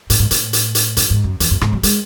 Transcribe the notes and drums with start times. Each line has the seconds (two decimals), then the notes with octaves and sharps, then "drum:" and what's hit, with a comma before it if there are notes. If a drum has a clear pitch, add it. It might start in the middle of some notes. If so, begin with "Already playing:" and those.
0.10 A2, drum: hi-hat
0.20 G#2
0.31 A2, drum: hi-hat
0.53 drum: hi-hat
0.75 drum: hi-hat
0.97 F#2, drum: hi-hat
1.10 G#2
1.24 F#2
1.40 E2, drum: hi-hat
1.51 F#2
1.61 G#2, drum: rim click
1.73 F#3
1.83 G#3, drum: hi-hat